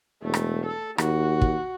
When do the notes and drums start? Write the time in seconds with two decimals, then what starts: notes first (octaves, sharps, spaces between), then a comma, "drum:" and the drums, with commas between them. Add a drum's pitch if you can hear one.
0.22 E1 A3
0.34 drum: rim click
0.66 A4
0.98 D#2 F#4, drum: rim click
1.41 drum: kick